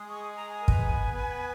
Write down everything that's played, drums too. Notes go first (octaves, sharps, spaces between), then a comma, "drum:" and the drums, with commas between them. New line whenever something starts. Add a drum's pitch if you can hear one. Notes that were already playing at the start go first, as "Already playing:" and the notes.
Already playing: G#3 G#4
C#6
G#5
A#5
G#5
A#4
B3 B4, drum: kick
B3 B4